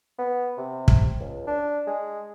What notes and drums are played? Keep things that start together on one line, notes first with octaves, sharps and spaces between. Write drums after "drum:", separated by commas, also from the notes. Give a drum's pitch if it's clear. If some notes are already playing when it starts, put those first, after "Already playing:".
B3
C3
drum: kick
C#2
D4
G#3